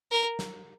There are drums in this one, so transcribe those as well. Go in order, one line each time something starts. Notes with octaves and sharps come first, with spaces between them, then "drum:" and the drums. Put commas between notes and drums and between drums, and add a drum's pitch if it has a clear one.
A#4
drum: snare